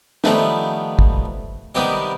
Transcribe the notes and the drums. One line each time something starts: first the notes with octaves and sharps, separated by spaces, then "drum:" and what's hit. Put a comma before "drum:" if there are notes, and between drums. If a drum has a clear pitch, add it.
D#3 F3 G3 A3 B3, drum: snare
drum: kick
C3 D#3 G3 B3 G4 D#5